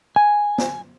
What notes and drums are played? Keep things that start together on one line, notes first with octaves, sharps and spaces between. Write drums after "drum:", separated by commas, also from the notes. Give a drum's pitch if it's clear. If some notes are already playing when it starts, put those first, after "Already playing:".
G#5
drum: snare